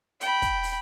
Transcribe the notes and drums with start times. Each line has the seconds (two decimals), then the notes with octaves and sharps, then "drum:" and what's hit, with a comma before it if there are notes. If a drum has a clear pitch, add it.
0.21 G5 B5, drum: hi-hat
0.42 drum: kick, hi-hat
0.63 drum: open hi-hat